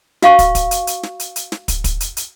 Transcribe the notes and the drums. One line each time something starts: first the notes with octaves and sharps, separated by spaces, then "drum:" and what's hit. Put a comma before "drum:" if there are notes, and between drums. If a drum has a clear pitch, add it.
F#4 F5 C#6, drum: snare
drum: kick, hi-hat
drum: kick, hi-hat
drum: hi-hat
drum: hi-hat
drum: snare
drum: hi-hat
drum: hi-hat
drum: snare
drum: kick, hi-hat
drum: kick, hi-hat
drum: hi-hat
drum: hi-hat